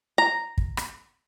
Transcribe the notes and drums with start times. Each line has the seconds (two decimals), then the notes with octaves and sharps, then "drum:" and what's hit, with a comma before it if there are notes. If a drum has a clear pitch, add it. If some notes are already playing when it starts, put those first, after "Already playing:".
0.18 A#5
0.58 drum: kick
0.77 drum: rim click